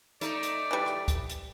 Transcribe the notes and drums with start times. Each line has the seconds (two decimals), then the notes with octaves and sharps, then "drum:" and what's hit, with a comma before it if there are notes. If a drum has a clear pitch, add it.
0.21 A3 D#4 D5, drum: hi-hat
0.43 drum: hi-hat
0.71 E3 G3
0.86 drum: rim click
1.08 drum: kick, hi-hat
1.30 drum: hi-hat